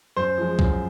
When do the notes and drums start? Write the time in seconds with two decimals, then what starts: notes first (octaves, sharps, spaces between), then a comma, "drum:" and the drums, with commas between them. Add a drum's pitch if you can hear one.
0.16 F#2 C5
0.38 F3 G#3
0.59 F#2, drum: kick